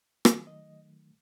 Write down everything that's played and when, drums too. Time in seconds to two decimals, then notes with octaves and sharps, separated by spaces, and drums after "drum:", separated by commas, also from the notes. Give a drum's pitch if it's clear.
0.25 D#3 F#3 A3 D#5, drum: rim click
0.47 D#5